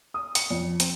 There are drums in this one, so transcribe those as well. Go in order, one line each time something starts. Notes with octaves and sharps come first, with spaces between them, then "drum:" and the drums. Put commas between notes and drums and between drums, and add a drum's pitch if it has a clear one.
D#6
C#7, drum: hi-hat
F2
C4, drum: hi-hat